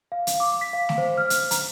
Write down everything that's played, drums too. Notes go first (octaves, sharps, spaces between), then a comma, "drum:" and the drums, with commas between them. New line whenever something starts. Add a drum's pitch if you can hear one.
F5
drum: hi-hat
D6
B6
F5
drum: snare A3
C5
F6
drum: hi-hat
A#5, drum: hi-hat